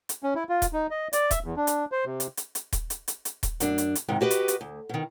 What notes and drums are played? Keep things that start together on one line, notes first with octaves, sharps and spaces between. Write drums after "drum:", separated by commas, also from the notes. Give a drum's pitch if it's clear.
drum: hi-hat
C#4
E4
F4
drum: kick D#1, hi-hat
D#4
D#5
D5, drum: hi-hat
E5, drum: kick D#1, hi-hat
E2
D4
drum: hi-hat
C5
C3
drum: hi-hat
drum: hi-hat
drum: hi-hat
drum: kick D#1, hi-hat
drum: hi-hat
drum: hi-hat
drum: hi-hat
drum: kick D#1, hi-hat
F#2 D4, drum: hi-hat
drum: hi-hat
drum: hi-hat
G#2 C3 D#3
F#4 G4 B4 D#5
drum: hi-hat
drum: hi-hat
D2
B2 D#3